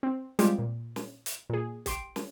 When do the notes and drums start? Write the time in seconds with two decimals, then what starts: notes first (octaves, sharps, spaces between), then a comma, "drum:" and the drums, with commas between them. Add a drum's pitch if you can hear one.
0.03 C4
0.39 F3 G3 G#3 C4 F4 G4, drum: hi-hat
0.58 A#2
0.96 drum: snare
1.26 drum: hi-hat
1.50 A#2 G#4
1.86 G4 C6 D7, drum: kick, hi-hat
2.16 drum: snare